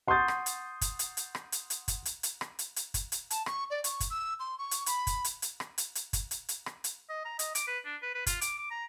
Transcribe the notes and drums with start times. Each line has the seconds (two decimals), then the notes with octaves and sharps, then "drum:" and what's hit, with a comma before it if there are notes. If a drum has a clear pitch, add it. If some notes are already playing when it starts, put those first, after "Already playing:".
0.07 F#5 C6 C#6 D#6 G6 A6
0.28 drum: rim click
0.46 drum: hi-hat
0.81 drum: kick, hi-hat
0.99 drum: hi-hat
1.17 drum: hi-hat
1.35 drum: rim click
1.52 drum: hi-hat
1.70 drum: hi-hat
1.88 drum: kick, hi-hat
2.05 drum: hi-hat
2.23 drum: hi-hat
2.41 drum: rim click
2.59 drum: hi-hat
2.76 drum: hi-hat
2.94 drum: kick, hi-hat
3.12 drum: hi-hat
3.30 A5, drum: hi-hat
3.46 C#6, drum: rim click
3.70 D5
3.84 C#6, drum: hi-hat
4.00 drum: kick, hi-hat
4.10 E6
4.39 C6
4.58 C#6
4.71 drum: hi-hat
4.86 B5, drum: hi-hat
5.07 drum: kick, hi-hat
5.24 drum: hi-hat
5.42 drum: hi-hat
5.60 drum: rim click
5.78 drum: hi-hat
5.95 drum: hi-hat
6.13 drum: kick, hi-hat
6.31 drum: hi-hat
6.49 drum: hi-hat
6.66 drum: rim click
6.84 drum: hi-hat
7.09 D#5
7.25 A#5
7.39 D#5, drum: hi-hat
7.55 D6, drum: hi-hat
7.68 B4
7.86 D4
8.02 B4
8.15 B4
8.27 F4, drum: kick, hi-hat
8.41 D6, drum: hi-hat
8.58 D6
8.71 A#5